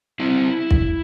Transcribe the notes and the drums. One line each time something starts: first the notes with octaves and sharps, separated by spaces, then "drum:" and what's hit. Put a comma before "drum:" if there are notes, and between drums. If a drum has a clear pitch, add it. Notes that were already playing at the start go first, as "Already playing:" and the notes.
C4 E4
drum: kick